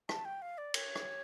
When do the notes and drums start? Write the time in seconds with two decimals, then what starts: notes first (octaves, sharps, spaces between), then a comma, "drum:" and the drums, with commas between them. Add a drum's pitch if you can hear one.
0.09 A5, drum: rim click
0.25 G5
0.42 F5
0.58 D5
0.74 C#5, drum: cymbal
0.95 drum: rim click